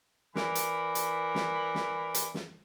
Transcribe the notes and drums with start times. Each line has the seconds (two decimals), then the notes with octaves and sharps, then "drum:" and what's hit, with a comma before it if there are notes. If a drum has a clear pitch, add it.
0.35 E3 A#4 D5 B5, drum: snare
0.55 drum: hi-hat
0.95 drum: hi-hat
1.35 drum: snare
1.75 drum: snare
2.14 drum: hi-hat
2.34 drum: snare